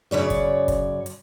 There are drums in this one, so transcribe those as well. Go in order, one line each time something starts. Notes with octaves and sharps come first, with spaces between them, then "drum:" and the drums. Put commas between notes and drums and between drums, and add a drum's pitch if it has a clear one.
F#2 C#3 C#5 D5
drum: kick, hi-hat
drum: kick, hi-hat
drum: hi-hat